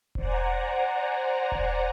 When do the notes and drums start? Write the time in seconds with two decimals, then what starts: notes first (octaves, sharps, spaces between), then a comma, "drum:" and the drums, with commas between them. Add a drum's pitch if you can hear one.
0.15 C5 D5 F#5 G#5 A#5, drum: kick E1
1.52 drum: kick E1